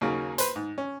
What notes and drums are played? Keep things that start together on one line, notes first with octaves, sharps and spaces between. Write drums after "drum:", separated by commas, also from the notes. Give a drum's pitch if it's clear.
D#2 C#3 F#3 A#3
B4 C5, drum: hi-hat
G#2
C#4